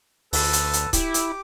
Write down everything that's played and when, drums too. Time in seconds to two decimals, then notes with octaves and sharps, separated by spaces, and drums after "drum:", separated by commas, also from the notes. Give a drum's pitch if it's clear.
0.33 D2 A4 B4 A5, drum: open hi-hat
0.53 drum: hi-hat
0.73 drum: hi-hat
0.93 E4 G4 D6, drum: kick C#1, hi-hat
1.14 drum: hi-hat